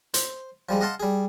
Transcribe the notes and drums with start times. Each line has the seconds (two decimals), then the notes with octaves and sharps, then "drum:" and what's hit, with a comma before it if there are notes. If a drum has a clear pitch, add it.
0.14 C5, drum: hi-hat
0.69 F3 G3 G#3
0.81 D#5 F5 F#5 A5 C6
1.00 G3 G#4